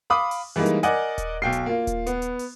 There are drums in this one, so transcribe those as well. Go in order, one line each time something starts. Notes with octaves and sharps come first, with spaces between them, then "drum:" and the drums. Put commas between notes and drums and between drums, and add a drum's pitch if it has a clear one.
F5 B5 D6 D#6
drum: open hi-hat
E3 G3 G#3 A#3 D#4
drum: hi-hat
A#4 D5 D#5 F#5 G#5, drum: hi-hat
drum: kick D#1, hi-hat
B1 G5 C7
drum: hi-hat
A#3 F4
drum: kick D#1, hi-hat
B3, drum: hi-hat
drum: hi-hat
drum: open hi-hat